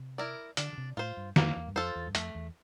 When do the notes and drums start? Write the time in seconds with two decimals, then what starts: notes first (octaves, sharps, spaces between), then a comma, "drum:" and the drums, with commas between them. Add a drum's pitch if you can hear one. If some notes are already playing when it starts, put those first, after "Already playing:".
Already playing: C3
0.18 E4 A#4 D5
0.57 D3 D4, drum: hi-hat
0.73 D3
0.78 C3
0.97 A2 F4 C5
1.17 G2
1.36 F2 A#3, drum: snare
1.56 E2
1.67 G2
1.75 F2 F4 A4 C5
1.96 E2
2.07 G2
2.15 F2 A3, drum: hi-hat
2.35 E2